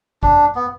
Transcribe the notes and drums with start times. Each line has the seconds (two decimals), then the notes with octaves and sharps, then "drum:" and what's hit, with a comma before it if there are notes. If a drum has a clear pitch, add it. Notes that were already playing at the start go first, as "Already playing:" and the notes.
0.23 D4, drum: kick G#1
0.55 B3